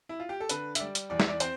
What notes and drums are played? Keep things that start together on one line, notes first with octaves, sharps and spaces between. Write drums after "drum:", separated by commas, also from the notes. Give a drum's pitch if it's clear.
E4
F4
G4
A4
D3 B4, drum: hi-hat
E5, drum: hi-hat
G3 D5
drum: hi-hat
E2 D5
E5, drum: snare
D5
C4 C5, drum: hi-hat